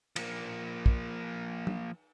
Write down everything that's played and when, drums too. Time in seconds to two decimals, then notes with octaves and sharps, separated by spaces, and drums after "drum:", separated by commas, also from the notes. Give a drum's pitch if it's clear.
0.16 F3 A#3, drum: cymbal
0.86 drum: kick
1.67 drum: tom